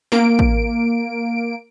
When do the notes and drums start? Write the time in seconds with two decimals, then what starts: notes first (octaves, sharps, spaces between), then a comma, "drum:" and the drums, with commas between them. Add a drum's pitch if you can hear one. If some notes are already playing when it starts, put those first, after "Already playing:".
0.12 A#3 D7, drum: snare
0.39 drum: kick